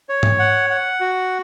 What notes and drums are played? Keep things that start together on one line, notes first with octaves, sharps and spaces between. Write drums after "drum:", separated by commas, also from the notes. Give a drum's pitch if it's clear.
C#5
drum: tom G#2
F#5
F#5
F#4